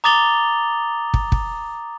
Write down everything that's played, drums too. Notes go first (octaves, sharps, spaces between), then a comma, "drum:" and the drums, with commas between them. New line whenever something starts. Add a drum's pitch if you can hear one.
A#5 D6 D#6 A6 F7 G7
drum: kick
drum: kick